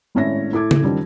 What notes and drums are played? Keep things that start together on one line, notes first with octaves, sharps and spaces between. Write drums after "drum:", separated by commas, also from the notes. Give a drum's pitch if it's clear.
G#1 A2 C#4 E5 A#6
A2 E4 A4 D6 G#6
drum: tom C#3
F#2 D#3 F3 G3